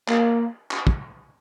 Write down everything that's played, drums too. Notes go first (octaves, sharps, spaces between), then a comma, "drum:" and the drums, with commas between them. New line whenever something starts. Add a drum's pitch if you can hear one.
A#3, drum: clap
drum: clap
drum: kick